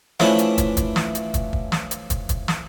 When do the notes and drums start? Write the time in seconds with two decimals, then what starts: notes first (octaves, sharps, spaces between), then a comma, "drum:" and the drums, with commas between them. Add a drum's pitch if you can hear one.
0.20 E3 F3 A3 C#4 D4 E4, drum: snare
0.39 drum: hi-hat
0.58 drum: kick, hi-hat
0.77 drum: kick, hi-hat
0.96 drum: snare
1.15 drum: hi-hat
1.34 drum: kick, hi-hat
1.53 drum: kick
1.72 drum: snare
1.91 drum: hi-hat
2.10 drum: kick, hi-hat
2.29 drum: kick, hi-hat
2.48 drum: snare